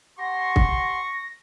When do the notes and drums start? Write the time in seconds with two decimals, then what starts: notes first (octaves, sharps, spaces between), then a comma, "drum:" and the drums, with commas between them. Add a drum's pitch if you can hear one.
0.19 G4 F#5 A5 C6 C#6 A#6
0.56 drum: kick